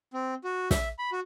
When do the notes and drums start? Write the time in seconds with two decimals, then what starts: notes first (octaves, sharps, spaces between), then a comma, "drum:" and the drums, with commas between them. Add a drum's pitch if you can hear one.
0.13 C4
0.44 F#4
0.71 E5, drum: snare
0.99 B5
1.12 F#4